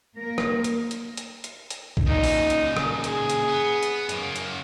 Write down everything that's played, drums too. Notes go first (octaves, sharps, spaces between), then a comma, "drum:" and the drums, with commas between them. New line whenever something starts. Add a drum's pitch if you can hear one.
A#3 A#4
drum: rim click
drum: hi-hat
drum: hi-hat
drum: hi-hat
drum: hi-hat
drum: hi-hat
drum: kick A#1
A#2 C#3 D#4
drum: open hi-hat
drum: hi-hat
drum: rim click
G#4, drum: hi-hat
drum: hi-hat
B3
drum: hi-hat
F#2 A#3, drum: hi-hat
drum: hi-hat